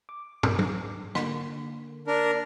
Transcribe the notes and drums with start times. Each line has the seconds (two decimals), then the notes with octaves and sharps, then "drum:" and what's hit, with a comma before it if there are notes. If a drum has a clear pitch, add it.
0.09 D6
0.43 drum: tom
0.59 drum: tom F#3
1.15 D3 A#3, drum: rim click
2.08 D4 A#4